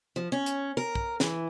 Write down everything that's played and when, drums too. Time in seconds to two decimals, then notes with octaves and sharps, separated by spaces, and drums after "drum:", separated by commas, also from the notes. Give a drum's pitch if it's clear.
0.16 F3
0.32 C#4
0.46 drum: hi-hat
0.77 A#4
0.95 drum: kick
1.20 E3, drum: snare